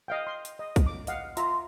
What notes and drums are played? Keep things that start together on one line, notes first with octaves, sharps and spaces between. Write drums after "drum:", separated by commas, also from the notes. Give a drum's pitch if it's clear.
D#5 F5 G5
C6
drum: hi-hat
D#5
drum: kick B1, hi-hat
D6
D#5 F5 F#5, drum: hi-hat
F4 E5 A#5 C6, drum: hi-hat